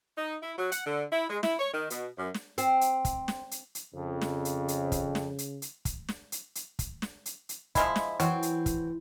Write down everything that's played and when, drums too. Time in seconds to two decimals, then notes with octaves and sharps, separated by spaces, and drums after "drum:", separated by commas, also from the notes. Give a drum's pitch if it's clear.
0.18 D#4
0.42 E4
0.58 F#3
0.72 F#5, drum: hi-hat
0.86 D3
1.11 E4
1.30 G#3
1.43 E4, drum: snare
1.59 C#5
1.72 D#3
1.90 B2, drum: hi-hat
2.18 F#2
2.34 drum: snare
2.58 C4, drum: hi-hat
2.81 drum: hi-hat
3.05 drum: kick, hi-hat
3.28 drum: snare
3.51 drum: hi-hat
3.75 drum: hi-hat
3.94 F2 C#3
4.22 drum: snare
4.45 drum: hi-hat
4.68 drum: hi-hat
4.92 drum: kick, hi-hat
5.15 drum: snare
5.38 drum: hi-hat
5.62 drum: hi-hat
5.85 drum: kick, hi-hat
6.09 drum: snare
6.32 drum: hi-hat
6.55 drum: hi-hat
6.79 drum: kick, hi-hat
7.02 drum: snare
7.26 drum: hi-hat
7.49 drum: hi-hat
7.75 F3 G#3 E4, drum: kick, hi-hat
7.96 drum: snare
8.20 E3 F#3 C4, drum: hi-hat
8.42 drum: hi-hat
8.66 drum: kick, hi-hat